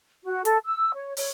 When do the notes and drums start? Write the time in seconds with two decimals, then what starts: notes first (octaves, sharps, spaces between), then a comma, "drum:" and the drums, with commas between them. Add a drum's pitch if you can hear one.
0.24 F#4
0.45 A4, drum: hi-hat
0.65 E6
0.94 C#5
1.17 C#5, drum: open hi-hat